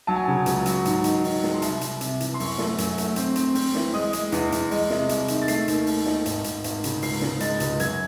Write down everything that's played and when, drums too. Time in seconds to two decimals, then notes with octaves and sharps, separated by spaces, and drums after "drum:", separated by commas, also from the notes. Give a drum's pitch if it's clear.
0.07 F#3 A5
0.16 G#5
0.24 C#3 A5
0.46 C#2, drum: hi-hat
0.66 F#3, drum: hi-hat
0.85 G#2, drum: hi-hat
1.04 D#3, drum: hi-hat
1.24 D#3, drum: open hi-hat
1.43 G#3, drum: snare
1.54 C6
1.62 C2 A5, drum: hi-hat
1.81 C2, drum: hi-hat
2.01 C3, drum: hi-hat
2.20 E3, drum: hi-hat
2.34 C6
2.40 F#2 C#6, drum: open hi-hat
2.58 A3, drum: snare
2.78 F#2, drum: hi-hat
2.98 A3, drum: hi-hat
3.16 C4, drum: hi-hat
3.36 C4, drum: hi-hat
3.55 C4, drum: open hi-hat
3.75 E3, drum: snare
3.94 G#3 D#6
4.13 G#3, drum: hi-hat
4.32 E2, drum: hi-hat
4.52 E2, drum: hi-hat
4.71 G#3, drum: open hi-hat
4.90 C3, drum: snare
5.09 C2, drum: hi-hat
5.28 D#3, drum: hi-hat
5.42 A6
5.48 A3 C7, drum: hi-hat
5.68 D#2, drum: hi-hat
5.86 A3, drum: open hi-hat
6.06 D#3, drum: snare
6.26 G#1, drum: hi-hat
6.44 G#1, drum: hi-hat
6.64 G#1, drum: hi-hat
6.84 C#3, drum: hi-hat
7.02 C#2 C7, drum: open hi-hat
7.21 C#3, drum: snare
7.40 G#3 A6, drum: hi-hat
7.60 C#2, drum: hi-hat
7.80 F#2 G#6, drum: hi-hat